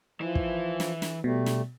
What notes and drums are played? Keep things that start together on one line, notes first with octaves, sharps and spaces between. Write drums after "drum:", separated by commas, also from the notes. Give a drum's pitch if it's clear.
E3 F3 E4
drum: kick
drum: snare
drum: snare
B2 G3 A3
drum: snare